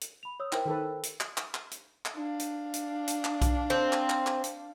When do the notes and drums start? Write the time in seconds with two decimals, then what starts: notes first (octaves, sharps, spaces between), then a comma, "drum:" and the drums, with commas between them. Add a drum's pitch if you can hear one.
0.01 drum: hi-hat
0.23 B5 F7
0.40 C#5 D#6 E6
0.52 E4 A#4 C5 G5, drum: clap
0.65 D#3 A4 B4
1.03 drum: hi-hat
1.20 drum: clap
1.37 drum: clap
1.54 drum: clap
1.71 drum: hi-hat
2.05 drum: clap
2.16 D4 F5
2.39 drum: hi-hat
2.74 drum: hi-hat
3.08 drum: hi-hat
3.25 drum: clap
3.42 drum: kick B1, hi-hat
3.70 C4
3.93 drum: clap
4.10 drum: clap
4.27 drum: clap
4.44 drum: hi-hat